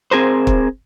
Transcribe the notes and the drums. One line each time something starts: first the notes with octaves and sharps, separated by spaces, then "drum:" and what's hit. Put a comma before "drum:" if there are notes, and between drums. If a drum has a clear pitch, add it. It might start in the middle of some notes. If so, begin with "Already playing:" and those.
C4 G#4 A#4 C5
drum: kick